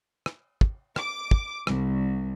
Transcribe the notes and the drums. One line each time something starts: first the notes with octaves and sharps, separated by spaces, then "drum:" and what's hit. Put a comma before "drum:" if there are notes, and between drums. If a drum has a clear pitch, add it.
drum: rim click
drum: kick
D6, drum: rim click
drum: kick
C2, drum: rim click